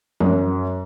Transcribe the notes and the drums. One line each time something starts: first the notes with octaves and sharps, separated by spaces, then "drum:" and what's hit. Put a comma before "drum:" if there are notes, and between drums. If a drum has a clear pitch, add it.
F#2, drum: tom